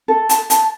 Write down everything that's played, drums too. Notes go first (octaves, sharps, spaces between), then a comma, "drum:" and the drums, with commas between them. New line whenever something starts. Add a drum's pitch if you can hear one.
A4
A5, drum: hi-hat
A5, drum: hi-hat